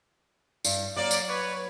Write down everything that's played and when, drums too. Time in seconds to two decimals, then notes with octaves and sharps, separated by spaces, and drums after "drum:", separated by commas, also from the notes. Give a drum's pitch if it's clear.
0.65 G2, drum: tambourine
0.96 F#3 A#3 D5
1.11 drum: tambourine
1.28 B4 C#5